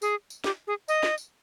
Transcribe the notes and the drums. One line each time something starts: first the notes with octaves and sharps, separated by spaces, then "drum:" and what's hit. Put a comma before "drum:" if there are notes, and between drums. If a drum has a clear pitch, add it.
G#4, drum: tambourine
drum: tambourine
G4, drum: snare
G#4
D#5, drum: tambourine
drum: snare
drum: tambourine